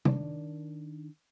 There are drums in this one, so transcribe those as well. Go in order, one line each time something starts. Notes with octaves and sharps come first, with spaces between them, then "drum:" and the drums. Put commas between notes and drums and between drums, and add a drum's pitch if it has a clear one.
D#3 D4, drum: tom C3